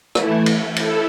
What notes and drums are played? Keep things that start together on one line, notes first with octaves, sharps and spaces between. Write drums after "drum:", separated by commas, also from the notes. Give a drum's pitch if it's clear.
E3 A3 E4, drum: rim click
drum: cymbal
E4 A4, drum: cymbal